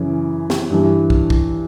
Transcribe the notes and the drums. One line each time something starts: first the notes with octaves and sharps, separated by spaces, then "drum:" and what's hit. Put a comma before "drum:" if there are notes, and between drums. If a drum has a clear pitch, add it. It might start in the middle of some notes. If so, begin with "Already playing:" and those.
Already playing: F#2 C#3 E3
drum: snare
G2 E3
drum: kick
drum: kick